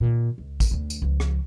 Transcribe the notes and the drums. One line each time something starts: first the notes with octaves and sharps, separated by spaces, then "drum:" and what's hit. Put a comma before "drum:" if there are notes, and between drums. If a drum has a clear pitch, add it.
A#2 D#3
C#2
drum: kick, tambourine
D2 D3
drum: tambourine
C#2 F3
drum: rim click